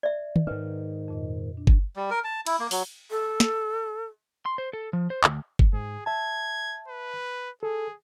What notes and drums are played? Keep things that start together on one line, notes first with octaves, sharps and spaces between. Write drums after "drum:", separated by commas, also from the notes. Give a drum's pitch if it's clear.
D5 E5
drum: tom D#3
G#2 D#3 B4
F2 A#2 D#5
D4
drum: kick G1
G3
A#4
A5
E4, drum: cymbal
A#3
F#3, drum: open hi-hat
A4
drum: snare
C6
C5
A4
F3
C5
D2, drum: clap
drum: kick G1
G#2 G#4
E5 A5 G#6
B4
G#4 A4